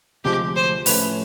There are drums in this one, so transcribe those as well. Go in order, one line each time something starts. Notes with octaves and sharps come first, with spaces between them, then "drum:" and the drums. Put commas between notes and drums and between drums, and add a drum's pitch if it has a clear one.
D2 C3 F3 G#3 G4
C5
A2 F3 A3 C#4 B4, drum: open hi-hat